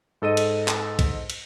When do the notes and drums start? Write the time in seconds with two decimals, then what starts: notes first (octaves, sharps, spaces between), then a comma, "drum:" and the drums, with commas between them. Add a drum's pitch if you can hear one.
0.22 G#2 A4 D#5 D#7
0.37 drum: cymbal
0.68 drum: clap
0.99 drum: kick, cymbal
1.30 drum: cymbal